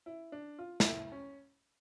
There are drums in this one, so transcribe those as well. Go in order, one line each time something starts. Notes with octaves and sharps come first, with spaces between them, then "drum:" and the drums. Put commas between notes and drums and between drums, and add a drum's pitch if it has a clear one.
E4
D4
F4
F4, drum: snare
E4
C#4